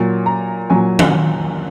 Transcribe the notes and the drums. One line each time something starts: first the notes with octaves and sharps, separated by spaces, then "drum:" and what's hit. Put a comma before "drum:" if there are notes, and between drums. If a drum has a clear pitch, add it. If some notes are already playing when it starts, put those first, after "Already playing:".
Already playing: A#2 F#3
A#5
A#2 F#3 G#5
drum: tom D#3